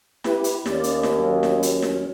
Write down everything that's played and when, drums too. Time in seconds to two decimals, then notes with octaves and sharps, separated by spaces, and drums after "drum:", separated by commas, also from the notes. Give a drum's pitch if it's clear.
0.24 E4 G4 B4, drum: snare
0.44 drum: hi-hat
0.66 D#2 C#4 D5, drum: snare
0.84 drum: hi-hat
1.03 drum: snare
1.20 F#3 C#4
1.43 drum: snare
1.63 drum: hi-hat
1.82 drum: snare